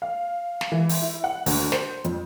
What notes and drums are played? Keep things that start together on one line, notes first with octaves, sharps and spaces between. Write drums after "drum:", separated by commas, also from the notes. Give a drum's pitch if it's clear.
F5
drum: snare
E3
drum: open hi-hat
E4
F#5
D2, drum: open hi-hat
C5, drum: snare
F2, drum: hi-hat